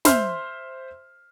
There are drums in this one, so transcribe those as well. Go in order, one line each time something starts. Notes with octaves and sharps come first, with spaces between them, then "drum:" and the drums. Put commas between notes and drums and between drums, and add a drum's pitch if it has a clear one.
C5 E5 C6 F6, drum: snare